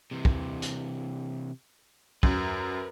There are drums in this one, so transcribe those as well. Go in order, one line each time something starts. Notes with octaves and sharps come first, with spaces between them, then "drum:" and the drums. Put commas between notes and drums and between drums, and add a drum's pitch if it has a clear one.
C3 E3
drum: kick
drum: hi-hat
F#2 A#4 B4, drum: kick